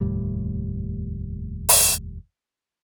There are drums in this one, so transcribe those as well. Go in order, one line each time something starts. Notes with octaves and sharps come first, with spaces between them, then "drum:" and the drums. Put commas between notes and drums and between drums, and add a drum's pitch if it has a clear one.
F1 D#2 A2 G3
drum: open hi-hat